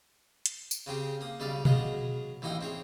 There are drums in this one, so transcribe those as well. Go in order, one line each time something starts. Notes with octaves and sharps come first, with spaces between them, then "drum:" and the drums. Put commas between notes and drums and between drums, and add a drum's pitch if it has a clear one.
drum: hi-hat
drum: tambourine
C#3 C4 G4 G#4
A#3 D#6
B1 C#3 G3 B4 D5 F5
F#3 G#3 B3 G#4 D#5 F5, drum: tom B2
A1 E3 A#3 D#4 G5 D#6
C4 G#4 C#5